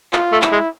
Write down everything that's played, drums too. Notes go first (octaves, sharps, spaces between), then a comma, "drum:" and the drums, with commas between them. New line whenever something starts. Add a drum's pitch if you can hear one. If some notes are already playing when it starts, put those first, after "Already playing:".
F4, drum: clap
A3
E4, drum: clap
G#3